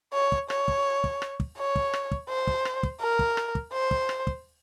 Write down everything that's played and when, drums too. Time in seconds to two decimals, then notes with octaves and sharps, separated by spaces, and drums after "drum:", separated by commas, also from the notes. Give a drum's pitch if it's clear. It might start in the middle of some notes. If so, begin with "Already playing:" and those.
0.13 C#5
0.32 drum: kick
0.50 C#5, drum: rim click
0.68 drum: kick
1.04 drum: kick
1.22 drum: rim click
1.40 drum: kick
1.57 C#5
1.76 drum: kick
1.94 drum: rim click
2.11 drum: kick
2.29 C5
2.47 drum: kick
2.65 drum: rim click
2.83 drum: kick
3.01 A#4
3.19 drum: kick
3.37 drum: rim click
3.55 drum: kick
3.73 C5
3.91 drum: kick
4.09 drum: rim click
4.27 drum: kick